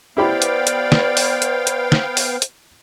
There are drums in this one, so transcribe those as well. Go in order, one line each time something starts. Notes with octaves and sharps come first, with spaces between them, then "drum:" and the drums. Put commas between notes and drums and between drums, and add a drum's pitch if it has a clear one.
B3 E4 G4 C5 D5 F5 G5 B5
drum: hi-hat
drum: hi-hat
drum: snare
drum: open hi-hat
drum: hi-hat
drum: hi-hat
drum: snare
drum: open hi-hat
drum: hi-hat